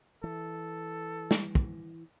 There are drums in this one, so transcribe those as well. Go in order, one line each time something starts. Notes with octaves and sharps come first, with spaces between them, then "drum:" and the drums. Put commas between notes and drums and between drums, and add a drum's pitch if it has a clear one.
E3 A4
drum: snare
drum: kick